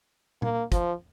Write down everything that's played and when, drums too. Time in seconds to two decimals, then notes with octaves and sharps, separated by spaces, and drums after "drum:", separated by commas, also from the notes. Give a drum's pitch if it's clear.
0.42 A#3, drum: tom A#2
0.72 F3, drum: kick, hi-hat